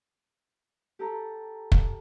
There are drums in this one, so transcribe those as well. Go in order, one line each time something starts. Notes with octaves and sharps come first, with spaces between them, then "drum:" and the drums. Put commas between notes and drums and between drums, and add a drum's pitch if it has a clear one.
G4 A4 A#5
drum: kick